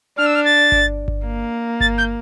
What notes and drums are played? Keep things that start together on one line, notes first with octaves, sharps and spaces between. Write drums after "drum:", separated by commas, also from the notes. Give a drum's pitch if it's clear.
D4 F6
E6
F6
A6
drum: kick G1
drum: kick G1
A#3
A6, drum: kick G1
G6